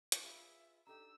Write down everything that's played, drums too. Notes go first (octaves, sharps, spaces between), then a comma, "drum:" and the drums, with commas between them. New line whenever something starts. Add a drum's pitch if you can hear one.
drum: hi-hat
F4 G#4 B4 E5
D4 D#4 G4 A4 A#5 E6